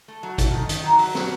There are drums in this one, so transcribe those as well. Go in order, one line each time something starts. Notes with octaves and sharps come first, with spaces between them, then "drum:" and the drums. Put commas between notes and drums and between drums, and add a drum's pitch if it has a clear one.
A3
F#3
A3, drum: kick G#1, hi-hat
D#3
D#3, drum: hi-hat
F#3
F#3, drum: open hi-hat
F#3, drum: snare